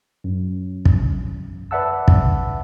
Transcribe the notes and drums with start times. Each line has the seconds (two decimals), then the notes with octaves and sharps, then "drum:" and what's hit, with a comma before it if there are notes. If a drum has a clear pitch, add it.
0.24 F#2
0.85 drum: kick
1.71 B4 D5 E5 F#5 A5 E6
2.08 drum: kick